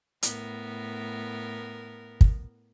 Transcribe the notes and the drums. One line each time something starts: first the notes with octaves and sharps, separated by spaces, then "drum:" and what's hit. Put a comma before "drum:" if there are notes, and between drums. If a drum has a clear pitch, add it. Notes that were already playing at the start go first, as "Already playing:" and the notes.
A2 B3 A#4, drum: hi-hat
drum: kick